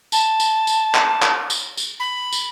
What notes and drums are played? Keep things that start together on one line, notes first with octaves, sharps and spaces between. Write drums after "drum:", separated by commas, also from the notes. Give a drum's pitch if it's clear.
A5, drum: tambourine
drum: tambourine
drum: tambourine
drum: clap
drum: clap
drum: tambourine
drum: tambourine
B5
drum: tambourine